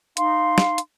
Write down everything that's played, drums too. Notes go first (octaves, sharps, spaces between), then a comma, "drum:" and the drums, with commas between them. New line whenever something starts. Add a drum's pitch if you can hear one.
D#4 F5 C6, drum: hi-hat
drum: snare
drum: hi-hat